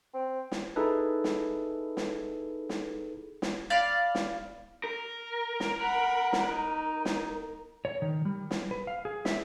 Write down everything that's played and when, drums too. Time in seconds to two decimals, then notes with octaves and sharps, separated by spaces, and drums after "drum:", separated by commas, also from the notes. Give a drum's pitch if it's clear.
0.14 C4
0.52 drum: snare
0.76 D#4 E4 G#4 A4 B4
1.24 drum: snare
1.97 drum: snare
2.69 drum: snare
3.42 drum: snare
3.70 D5 F5 B5
4.15 drum: snare
4.84 A#4
5.60 drum: snare
5.81 F#5 B5
6.33 drum: snare
6.47 D#4
7.05 drum: snare
7.85 C#5
8.02 D#3
8.25 G3
8.51 drum: snare
8.71 B4
8.87 F5
9.05 G#4
9.25 E5, drum: snare